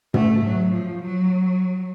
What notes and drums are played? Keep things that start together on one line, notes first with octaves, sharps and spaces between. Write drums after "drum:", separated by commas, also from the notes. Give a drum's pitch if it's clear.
A3, drum: tom
F#3
F3
F#3